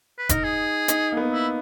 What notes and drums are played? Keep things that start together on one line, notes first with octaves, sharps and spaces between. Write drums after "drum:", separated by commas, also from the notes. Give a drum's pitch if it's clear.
B4
D#4 A#4, drum: kick F1, hi-hat
G#4
D#4, drum: hi-hat
A#3
B3
E4